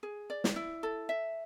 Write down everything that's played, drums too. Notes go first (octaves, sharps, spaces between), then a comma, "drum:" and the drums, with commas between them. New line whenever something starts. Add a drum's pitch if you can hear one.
G#4
D5
drum: snare
E4
A4
E5